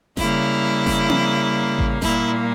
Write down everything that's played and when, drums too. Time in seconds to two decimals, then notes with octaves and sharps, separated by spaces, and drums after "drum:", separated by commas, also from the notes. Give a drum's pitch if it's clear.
0.17 C#3 G3 A#3 E4, drum: snare F#1
0.86 drum: snare F#1
1.09 drum: tom C4
1.79 drum: kick A1
2.02 A#2 G3 A#3 E4, drum: snare F#1